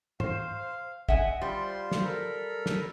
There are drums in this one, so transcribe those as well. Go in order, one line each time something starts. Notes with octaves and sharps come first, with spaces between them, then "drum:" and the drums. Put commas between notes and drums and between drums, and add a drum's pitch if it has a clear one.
C5 F5, drum: tom
D#5 E5 F#5 G#5, drum: kick
G3 F4 C5 C6
drum: snare
A4 A#4 B5
drum: snare